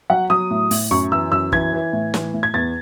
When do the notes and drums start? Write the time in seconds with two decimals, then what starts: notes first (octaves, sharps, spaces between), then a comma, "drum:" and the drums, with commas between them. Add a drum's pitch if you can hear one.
0.10 F#3 F#5
0.30 F#3 D#6
0.51 A2
0.71 A2, drum: open hi-hat
0.91 F#2 C#6
1.12 E3 E6
1.32 F#2 E6
1.52 E3 G#6, drum: kick
1.73 E3
1.93 A2
2.14 E3, drum: snare
2.34 A2
2.43 G#6
2.54 E2 A6